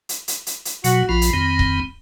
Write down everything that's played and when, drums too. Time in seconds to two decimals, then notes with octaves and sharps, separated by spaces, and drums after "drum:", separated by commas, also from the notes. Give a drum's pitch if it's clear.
0.09 drum: hi-hat
0.28 drum: hi-hat
0.47 drum: hi-hat
0.65 drum: hi-hat
0.84 B2 F#3 F#4, drum: hi-hat
1.09 A#1 F3 F4 B5
1.22 drum: hi-hat
1.33 F2 D#3 C4
1.59 drum: kick C#1